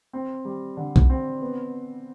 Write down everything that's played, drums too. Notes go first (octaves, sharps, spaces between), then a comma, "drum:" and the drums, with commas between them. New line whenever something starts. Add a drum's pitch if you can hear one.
C4
G3
D3
drum: kick B1
C4
B3